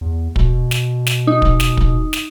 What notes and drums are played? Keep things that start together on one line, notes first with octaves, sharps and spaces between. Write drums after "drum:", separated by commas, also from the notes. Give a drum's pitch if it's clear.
E2
B2, drum: kick
drum: snare
drum: snare
D#4
drum: kick
drum: snare
drum: kick
drum: snare